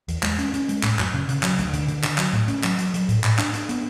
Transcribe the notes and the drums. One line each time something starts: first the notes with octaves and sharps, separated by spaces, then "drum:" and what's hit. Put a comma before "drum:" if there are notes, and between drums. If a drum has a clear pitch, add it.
E2, drum: hi-hat
G#3, drum: clap
C#4, drum: hi-hat
C#4, drum: hi-hat
G#3, drum: hi-hat
A2, drum: clap
F#2, drum: clap
C#3
C#3, drum: hi-hat
F#3, drum: clap
D2, drum: hi-hat
D3, drum: hi-hat
D3, drum: hi-hat
D3, drum: clap
F#3, drum: clap
A2
C#4, drum: hi-hat
F#3, drum: clap
F#3, drum: hi-hat
F#3, drum: hi-hat
A2, drum: hi-hat
A2, drum: clap
D4, drum: clap
D4, drum: hi-hat
B3, drum: hi-hat